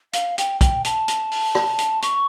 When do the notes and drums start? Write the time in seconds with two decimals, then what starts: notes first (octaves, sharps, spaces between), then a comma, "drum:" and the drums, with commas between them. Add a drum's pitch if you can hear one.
0.13 F5, drum: hi-hat
0.38 G5, drum: hi-hat
0.61 G5, drum: kick, hi-hat
0.84 A5, drum: hi-hat
1.08 drum: hi-hat
1.31 drum: open hi-hat
1.55 drum: rim click
1.79 drum: hi-hat
2.02 C#6, drum: hi-hat